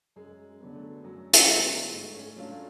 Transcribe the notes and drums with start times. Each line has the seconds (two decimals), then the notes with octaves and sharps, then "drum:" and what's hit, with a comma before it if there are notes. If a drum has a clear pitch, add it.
0.16 F#2 G#3
0.60 D3 F#3 B3
0.75 A3
1.04 F#2 F#3
1.33 G#3, drum: hi-hat
1.48 D3 F#3 B3
1.63 G#3
1.92 G#2 A3
2.14 C#4
2.36 F#3 A3 C#4 D4 F4